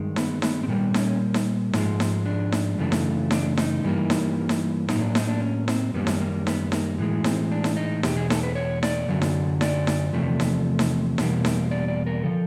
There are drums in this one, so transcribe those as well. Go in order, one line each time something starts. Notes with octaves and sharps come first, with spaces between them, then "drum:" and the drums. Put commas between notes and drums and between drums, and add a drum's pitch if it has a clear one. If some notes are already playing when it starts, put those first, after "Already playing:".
Already playing: G2 D#3 G#3
B3, drum: snare D#4
B3, drum: snare D#4
C4
A#2 G3 A#3 B3
C#4, drum: snare D#4
drum: snare D#4
G#2 F3 G#3, drum: snare D#4
drum: snare D#4
D4
drum: snare D#4
F#2 C#3 E3 A3
drum: snare D#4
D4, drum: snare D#4
D#4, drum: snare D#4
G2 E3 G3 A#3
drum: snare D#4
drum: snare D#4
A2 F#3 A#3 D#4, drum: snare D#4
D4
D#4, drum: snare D#4
D4
C#4
C4, drum: snare D#4
F#2 D#3 G3 A#3 B3
drum: snare D#4
A#3
B3, drum: snare D#4
A#3, drum: snare D#4
A2 E3 G#3
C4, drum: snare D#4
D4
drum: snare D#4
D#4
E2 B2 G#3 G4, drum: snare D#4
G#4
A4, drum: snare D#4
B4
C#5
D5, drum: snare D#4
F#2 D3 F#3
drum: snare D#4
D5, drum: snare D#4
drum: snare D#4
E2 C3 F3 A3
drum: snare D#4
drum: snare D#4
E2 B2 G3 A#3, drum: snare D#4
drum: snare D#4
D5
D5
A#4
C#3 F3 A4